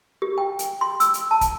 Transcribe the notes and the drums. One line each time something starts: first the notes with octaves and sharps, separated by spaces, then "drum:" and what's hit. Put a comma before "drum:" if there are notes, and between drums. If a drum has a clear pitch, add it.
G4
G5
drum: hi-hat
C6
E6, drum: hi-hat
drum: hi-hat
A5
drum: kick, hi-hat